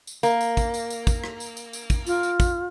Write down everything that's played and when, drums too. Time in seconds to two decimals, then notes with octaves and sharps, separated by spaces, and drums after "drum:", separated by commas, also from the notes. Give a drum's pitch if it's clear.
0.07 drum: tambourine
0.23 A#3, drum: tambourine
0.41 drum: tambourine
0.57 drum: kick, tambourine
0.74 drum: tambourine
0.90 drum: tambourine
1.07 drum: kick, tambourine
1.24 drum: rim click
1.40 drum: tambourine
1.57 drum: tambourine
1.73 drum: tambourine
1.90 drum: kick, tambourine
2.07 F4, drum: tambourine
2.23 drum: tambourine
2.40 drum: kick, tambourine